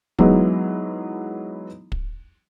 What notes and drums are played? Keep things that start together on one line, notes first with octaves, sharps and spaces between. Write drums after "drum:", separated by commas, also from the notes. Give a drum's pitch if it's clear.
E3 F#3 G#3 B3 D#4 E4, drum: kick
drum: kick